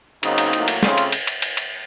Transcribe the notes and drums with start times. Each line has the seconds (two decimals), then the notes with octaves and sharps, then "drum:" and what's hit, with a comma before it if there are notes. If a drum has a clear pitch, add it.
0.23 C#3 F#3 A#3 C4 D#4, drum: cymbal
0.38 drum: cymbal
0.53 A2 F#3 A#3, drum: cymbal
0.68 drum: cymbal
0.83 C#3 A3 C4 C#4 F4, drum: snare
0.98 drum: cymbal
1.12 drum: cymbal
1.27 drum: cymbal
1.42 drum: cymbal
1.57 drum: cymbal